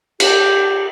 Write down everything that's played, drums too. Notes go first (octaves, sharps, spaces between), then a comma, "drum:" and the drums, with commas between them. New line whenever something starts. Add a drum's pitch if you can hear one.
G4, drum: cymbal